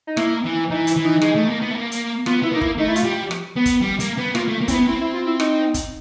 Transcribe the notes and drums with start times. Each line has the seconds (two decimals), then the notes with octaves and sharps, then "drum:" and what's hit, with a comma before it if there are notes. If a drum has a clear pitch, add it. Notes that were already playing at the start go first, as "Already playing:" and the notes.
0.07 D#4
0.17 A#3 E4, drum: rim click
0.44 E3
0.70 E3 D#4
0.87 E4, drum: hi-hat
0.96 E3
1.05 D#4
1.22 G#3, drum: rim click
1.35 A3
1.48 A#3
1.61 B3
1.71 A3
1.75 A#3
1.92 drum: hi-hat
2.26 B3 F4, drum: rim click
2.43 B3 E4
2.52 A#3 D#4
2.61 E4, drum: kick
2.79 A3 D#4
2.88 E4
2.96 F4, drum: hi-hat
3.04 G3
3.31 drum: rim click
3.56 B3
3.65 drum: kick, hi-hat
3.82 G3
4.00 A#3, drum: hi-hat
4.18 B3
4.35 A#3 F4, drum: rim click
4.48 A3
4.61 A#3
4.68 C4 E4, drum: kick, hi-hat
4.74 B3
4.87 C4 E4
5.01 E4
5.14 F4
5.26 E4
5.40 D#4, drum: rim click
5.74 drum: kick, hi-hat